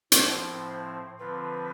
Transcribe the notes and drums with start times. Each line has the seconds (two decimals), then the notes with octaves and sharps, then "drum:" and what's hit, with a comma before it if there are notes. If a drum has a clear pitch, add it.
0.12 A2 F3 C4 E4 C5, drum: hi-hat
1.19 D3 F3 C4 F4 B4